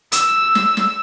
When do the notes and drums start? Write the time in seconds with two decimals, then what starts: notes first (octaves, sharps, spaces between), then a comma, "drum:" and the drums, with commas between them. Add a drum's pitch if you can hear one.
0.12 E6, drum: hi-hat
0.55 drum: snare
0.77 drum: snare